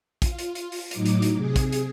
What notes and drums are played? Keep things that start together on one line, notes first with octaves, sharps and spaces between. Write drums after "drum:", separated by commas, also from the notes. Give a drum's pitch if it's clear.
F4, drum: kick, hi-hat
drum: hi-hat
drum: hi-hat
drum: open hi-hat
A2 F#3 D#4 D6, drum: hi-hat
drum: hi-hat
drum: hi-hat
C3 G#4
drum: kick, hi-hat
drum: hi-hat